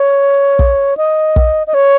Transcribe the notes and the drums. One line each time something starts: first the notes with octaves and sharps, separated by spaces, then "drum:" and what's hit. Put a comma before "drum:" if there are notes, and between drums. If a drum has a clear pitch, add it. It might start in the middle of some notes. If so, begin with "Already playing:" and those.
Already playing: C#5
drum: kick
D#5
drum: kick
D#5
C#5